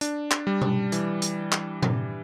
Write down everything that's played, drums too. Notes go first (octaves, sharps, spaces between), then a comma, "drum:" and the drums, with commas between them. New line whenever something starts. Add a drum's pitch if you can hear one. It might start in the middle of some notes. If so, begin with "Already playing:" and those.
D4, drum: hi-hat
drum: clap
G3
drum: tom B2
E3, drum: hi-hat
drum: hi-hat
drum: clap
drum: tom A#2